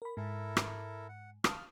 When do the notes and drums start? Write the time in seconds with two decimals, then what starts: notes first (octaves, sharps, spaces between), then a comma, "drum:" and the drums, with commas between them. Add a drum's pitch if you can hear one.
0.02 A#4 B5
0.17 G#2 E4 A4 A#4
0.57 drum: rim click
1.09 F#5
1.44 F5 A5 D#6 F6, drum: rim click